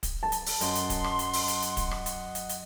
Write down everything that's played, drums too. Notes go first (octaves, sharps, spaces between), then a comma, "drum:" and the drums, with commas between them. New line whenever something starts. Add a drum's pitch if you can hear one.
drum: kick, hi-hat
A5
drum: hi-hat
drum: open hi-hat
F#2 D#5 F#5 C6, drum: hi-hat
drum: hi-hat
drum: kick, hi-hat
drum: rim click
drum: hi-hat
drum: open hi-hat
drum: hi-hat
drum: hi-hat
drum: kick, hi-hat
drum: rim click
drum: hi-hat
drum: hi-hat
drum: hi-hat